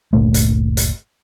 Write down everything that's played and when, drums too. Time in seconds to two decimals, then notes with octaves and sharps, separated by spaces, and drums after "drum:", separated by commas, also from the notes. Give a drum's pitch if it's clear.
0.13 G1 D2 A#2 A3
0.34 drum: hi-hat
0.77 drum: hi-hat